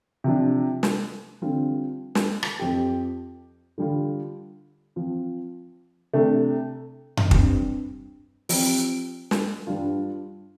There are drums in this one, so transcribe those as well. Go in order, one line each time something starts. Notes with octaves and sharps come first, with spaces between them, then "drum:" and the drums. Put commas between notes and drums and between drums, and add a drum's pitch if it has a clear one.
C3 F3 D4
drum: snare
D3 G3 C4 F4
drum: snare
drum: rim click
F2 F3 C4 G4
D3 G3 F4
F3 C4 F4
C3 A3 D4
drum: tom F#2
G2 G3 C4 G4, drum: kick
F3 C4 G4, drum: open hi-hat
drum: snare
G2 G3 D4 F4